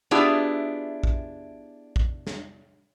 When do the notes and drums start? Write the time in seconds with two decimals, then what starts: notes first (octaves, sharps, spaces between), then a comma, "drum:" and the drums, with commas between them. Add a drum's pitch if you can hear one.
0.11 B3 D4 E4 F4 G4 G#4
1.03 drum: kick
1.96 drum: kick
2.27 drum: snare